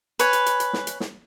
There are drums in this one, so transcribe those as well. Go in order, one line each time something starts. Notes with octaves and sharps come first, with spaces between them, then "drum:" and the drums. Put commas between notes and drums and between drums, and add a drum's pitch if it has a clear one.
B4 C#5 G#5, drum: hi-hat
drum: hi-hat
drum: hi-hat
drum: hi-hat
drum: snare
drum: hi-hat
drum: snare